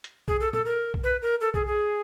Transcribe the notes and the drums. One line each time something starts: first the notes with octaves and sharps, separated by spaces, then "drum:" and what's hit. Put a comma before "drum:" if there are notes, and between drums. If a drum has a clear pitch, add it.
drum: hi-hat
G#4, drum: kick B1
A4
A4, drum: tom
A#4
drum: kick B1
B4
A#4
A4
G#4, drum: kick B1
G#4